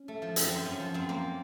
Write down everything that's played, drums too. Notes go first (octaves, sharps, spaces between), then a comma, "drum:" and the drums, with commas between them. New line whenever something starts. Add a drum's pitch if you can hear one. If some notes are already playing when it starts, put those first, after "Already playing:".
Already playing: C#4
A3
F3
F#2 C4, drum: hi-hat
F#2
F#2 C#4
F3
F#2 C4
A#3